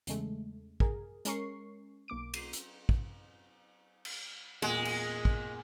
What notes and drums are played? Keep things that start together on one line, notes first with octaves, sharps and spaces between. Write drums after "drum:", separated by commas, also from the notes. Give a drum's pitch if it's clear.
E2 C#3 G#3 A3, drum: hi-hat
G#4 A#4, drum: kick
G#3 C#4 A#4 C#6 C7, drum: hi-hat
B1 A#3 D6 D7
C7 D#7, drum: cymbal
drum: hi-hat
drum: kick
drum: cymbal
E2 A#2 G#3, drum: cymbal
drum: cymbal
drum: kick